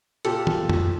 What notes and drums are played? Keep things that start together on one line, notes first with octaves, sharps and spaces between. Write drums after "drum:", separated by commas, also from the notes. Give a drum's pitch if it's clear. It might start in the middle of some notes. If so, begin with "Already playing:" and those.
A#2 G4 A4, drum: hi-hat
A#2, drum: tom
F3, drum: tom F2